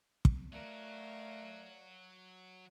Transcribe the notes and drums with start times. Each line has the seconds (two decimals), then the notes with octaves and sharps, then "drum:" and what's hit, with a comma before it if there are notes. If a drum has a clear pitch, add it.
0.25 drum: kick
0.52 F#3 A3 F#4 A#4 D5 F5